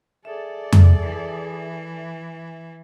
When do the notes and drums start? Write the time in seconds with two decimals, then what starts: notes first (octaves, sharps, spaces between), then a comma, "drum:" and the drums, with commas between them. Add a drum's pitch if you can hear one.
0.25 G#4 A4 D5 E5
0.73 drum: tom F2
1.02 E3